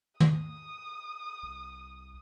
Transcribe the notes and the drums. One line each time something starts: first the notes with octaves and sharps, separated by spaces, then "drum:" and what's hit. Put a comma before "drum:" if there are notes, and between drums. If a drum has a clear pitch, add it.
D#6, drum: tom
C2